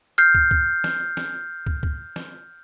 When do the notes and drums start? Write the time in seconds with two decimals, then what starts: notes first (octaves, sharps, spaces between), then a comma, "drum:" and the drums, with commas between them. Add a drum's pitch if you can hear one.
0.18 F6 G6 C7
0.35 drum: kick
0.51 drum: kick
0.84 drum: snare
1.17 drum: snare
1.67 drum: kick
1.83 drum: kick
2.16 drum: snare